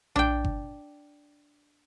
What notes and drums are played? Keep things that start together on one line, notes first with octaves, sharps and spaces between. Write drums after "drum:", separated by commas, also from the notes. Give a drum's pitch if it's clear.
D4 G5, drum: tom A#1
drum: kick G1